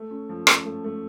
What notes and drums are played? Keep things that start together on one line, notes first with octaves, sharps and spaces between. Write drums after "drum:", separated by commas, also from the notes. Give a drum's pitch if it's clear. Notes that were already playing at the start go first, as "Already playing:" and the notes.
Already playing: A3
C#4
F3
C#4, drum: rim click
A3
A3